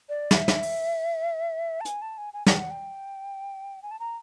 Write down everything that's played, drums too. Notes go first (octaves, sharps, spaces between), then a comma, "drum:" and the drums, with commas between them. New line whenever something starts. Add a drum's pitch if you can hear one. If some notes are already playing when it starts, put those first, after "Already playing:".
D5
E5, drum: snare
drum: snare
drum: open hi-hat
A5
G#5, drum: hi-hat
A5
G#5
G#5
G5, drum: snare
F#5
G5
G#5
A5
A#5